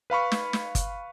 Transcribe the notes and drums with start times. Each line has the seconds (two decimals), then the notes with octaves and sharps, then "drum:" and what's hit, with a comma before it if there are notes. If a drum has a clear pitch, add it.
0.10 B4 F5 B5 C#6
0.32 drum: snare
0.53 drum: snare
0.75 drum: kick G1, hi-hat